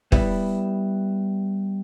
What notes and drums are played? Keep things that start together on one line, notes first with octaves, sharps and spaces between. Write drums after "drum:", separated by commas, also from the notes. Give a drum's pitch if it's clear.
G3 B3 E4, drum: kick